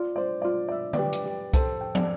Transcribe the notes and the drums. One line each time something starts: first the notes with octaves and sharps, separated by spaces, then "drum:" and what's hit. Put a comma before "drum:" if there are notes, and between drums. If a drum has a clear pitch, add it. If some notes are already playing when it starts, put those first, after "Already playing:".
Already playing: F4 D5
C5 D5
F4 D5
D5 E5
B4 D5, drum: tom D3
G4
drum: hi-hat
G4
A4 C5 G5, drum: kick C2, hi-hat
G5
D5, drum: tom